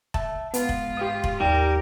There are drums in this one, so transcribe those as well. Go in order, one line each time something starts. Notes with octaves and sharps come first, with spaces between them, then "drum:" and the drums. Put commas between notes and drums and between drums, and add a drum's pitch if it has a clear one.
E5 A5, drum: kick F1
G#2 B3 F4, drum: hi-hat
drum: kick F1
G4 F5 D#6
drum: kick F1
D#2 G3 A#4 G5